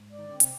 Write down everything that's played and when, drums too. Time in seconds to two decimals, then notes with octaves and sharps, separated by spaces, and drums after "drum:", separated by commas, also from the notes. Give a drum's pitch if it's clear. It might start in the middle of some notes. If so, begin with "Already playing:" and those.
Already playing: G#2
0.12 D5
0.18 D#3
0.29 D3 C4
0.40 C3, drum: hi-hat